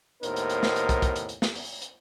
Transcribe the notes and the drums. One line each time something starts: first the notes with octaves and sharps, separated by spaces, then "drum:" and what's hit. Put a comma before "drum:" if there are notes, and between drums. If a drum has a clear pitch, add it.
D#2 A2 B3 D#4 A#4 C5, drum: hi-hat
drum: hi-hat
drum: hi-hat
drum: snare
drum: hi-hat
drum: kick, hi-hat
drum: kick, hi-hat
drum: hi-hat
drum: hi-hat
drum: snare
drum: open hi-hat
drum: hi-hat